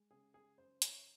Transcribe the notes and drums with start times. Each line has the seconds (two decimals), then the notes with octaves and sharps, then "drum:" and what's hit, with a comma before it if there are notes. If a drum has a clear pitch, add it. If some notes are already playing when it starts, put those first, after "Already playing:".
Already playing: G#3
0.11 C#3 G#4
0.34 G#4
0.58 F#2 C5
0.82 C#5, drum: hi-hat